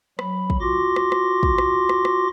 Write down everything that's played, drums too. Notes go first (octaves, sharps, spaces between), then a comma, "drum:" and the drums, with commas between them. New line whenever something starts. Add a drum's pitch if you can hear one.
F#3 B5, drum: rim click
drum: kick
F4 F#4 C6 D6 A#6
drum: rim click
drum: rim click
drum: kick
drum: rim click
drum: rim click
drum: rim click